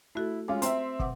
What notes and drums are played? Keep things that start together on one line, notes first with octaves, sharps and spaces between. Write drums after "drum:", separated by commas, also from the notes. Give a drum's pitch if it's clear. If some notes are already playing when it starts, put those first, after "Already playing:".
A3 E4 F#4 A4
G#3 C#4 F4 D6
C4 E5 G5 A#5 C6, drum: hi-hat
B2 F#5 D6, drum: kick